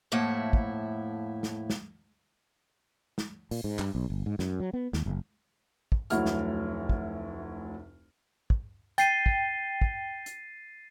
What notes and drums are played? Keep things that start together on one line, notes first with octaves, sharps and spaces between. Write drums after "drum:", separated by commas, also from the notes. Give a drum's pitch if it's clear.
F2 A2 A#3 E4 F#5
drum: kick
drum: snare
drum: snare
drum: snare
A#2, drum: open hi-hat
G#2
G2, drum: clap
B1
G1
G#2
F#2, drum: snare
F#3
B3
D#2, drum: snare
F#1
drum: kick
F1 D2 F#3 E4 F6, drum: hi-hat
drum: snare
drum: kick
drum: kick
G5 A6 C7 D#7, drum: hi-hat
drum: kick
drum: kick
drum: hi-hat